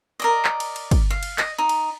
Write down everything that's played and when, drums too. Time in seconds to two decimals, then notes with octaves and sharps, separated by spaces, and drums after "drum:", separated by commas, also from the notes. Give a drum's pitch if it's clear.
0.20 A#4 D5 D#5
0.45 drum: clap
0.60 drum: cymbal
0.76 drum: cymbal
0.91 drum: kick, cymbal
1.10 F5
1.23 drum: cymbal
1.38 D#5, drum: clap
1.58 D#4
1.69 drum: cymbal